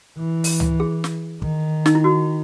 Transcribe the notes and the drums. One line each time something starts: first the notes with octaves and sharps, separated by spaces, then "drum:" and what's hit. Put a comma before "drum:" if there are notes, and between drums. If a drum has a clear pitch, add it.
E3
drum: open hi-hat
drum: tom C#2
G#4
drum: snare
D#3, drum: kick
D#4, drum: snare
E4
F#4